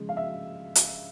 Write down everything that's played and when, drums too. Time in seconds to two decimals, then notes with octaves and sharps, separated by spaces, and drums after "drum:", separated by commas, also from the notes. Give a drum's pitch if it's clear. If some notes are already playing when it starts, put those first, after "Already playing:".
Already playing: C#3 F3 G#3
0.09 F5
0.17 E5
0.75 drum: hi-hat